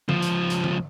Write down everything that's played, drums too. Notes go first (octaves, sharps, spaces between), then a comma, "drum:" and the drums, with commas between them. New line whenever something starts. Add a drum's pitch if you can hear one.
C#2 F3, drum: tom D3
drum: hi-hat
drum: hi-hat
drum: tom D3